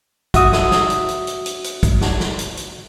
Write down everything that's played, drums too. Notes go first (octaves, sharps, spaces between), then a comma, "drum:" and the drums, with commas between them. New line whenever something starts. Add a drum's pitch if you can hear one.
F#4 E5 D#6, drum: kick, hi-hat
drum: snare
drum: snare
drum: hi-hat
drum: hi-hat
drum: hi-hat
drum: hi-hat
drum: hi-hat
drum: kick, hi-hat
drum: snare
drum: snare
drum: hi-hat
drum: hi-hat